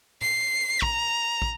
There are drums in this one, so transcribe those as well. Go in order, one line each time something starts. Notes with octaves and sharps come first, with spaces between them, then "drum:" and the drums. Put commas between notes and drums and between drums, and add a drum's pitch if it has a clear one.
C7, drum: tom
A#5, drum: kick
drum: kick